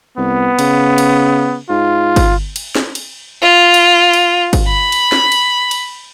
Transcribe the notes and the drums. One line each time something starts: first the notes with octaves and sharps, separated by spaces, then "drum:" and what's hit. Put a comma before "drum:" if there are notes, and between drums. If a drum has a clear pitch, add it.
C2 B3
C#3, drum: cymbal
drum: cymbal
G#2 F4
drum: kick G1, cymbal
drum: cymbal
drum: snare
drum: cymbal
F4
drum: cymbal
drum: cymbal
drum: kick G1, cymbal
B5
drum: cymbal
drum: snare
drum: cymbal
drum: cymbal